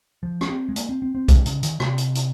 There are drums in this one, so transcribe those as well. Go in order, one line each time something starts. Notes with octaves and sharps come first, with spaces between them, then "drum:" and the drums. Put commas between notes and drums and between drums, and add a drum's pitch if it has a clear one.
F3
C#4, drum: rim click
C4
G#3
A#3, drum: hi-hat
C4
C4
C4
G#3, drum: kick, hi-hat
C#3, drum: hi-hat
D#3, drum: hi-hat
C3, drum: rim click
drum: hi-hat
drum: hi-hat